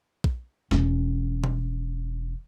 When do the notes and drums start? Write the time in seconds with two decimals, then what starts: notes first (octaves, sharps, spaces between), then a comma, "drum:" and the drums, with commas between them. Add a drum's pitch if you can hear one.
0.24 drum: kick
0.71 E1 C#4, drum: snare
1.44 drum: tom B2